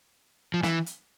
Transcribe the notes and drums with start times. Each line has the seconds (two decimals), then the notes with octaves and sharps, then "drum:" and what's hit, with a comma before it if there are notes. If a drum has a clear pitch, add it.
0.54 F3
0.63 E3, drum: snare
0.86 drum: hi-hat